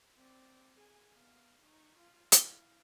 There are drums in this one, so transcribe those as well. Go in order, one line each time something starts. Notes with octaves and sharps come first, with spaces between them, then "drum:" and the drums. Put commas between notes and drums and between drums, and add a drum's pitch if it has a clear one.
C4 D5
G#4 G#5
B3 F5
D#4 C#6
F4 F5
E4 F5, drum: hi-hat